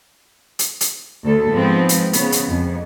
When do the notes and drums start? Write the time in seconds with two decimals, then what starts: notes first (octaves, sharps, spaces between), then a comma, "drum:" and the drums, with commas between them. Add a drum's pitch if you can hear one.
0.59 drum: hi-hat
0.81 drum: hi-hat
1.24 D2 A4
1.52 G#2 F3 B3 C4
1.89 drum: hi-hat
2.13 C#3 B3, drum: hi-hat
2.32 drum: hi-hat
2.48 F2